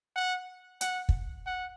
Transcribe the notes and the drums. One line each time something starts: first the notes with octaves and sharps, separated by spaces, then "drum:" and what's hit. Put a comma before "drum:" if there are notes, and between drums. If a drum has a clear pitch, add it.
F#5
F#5, drum: hi-hat
drum: kick
F#5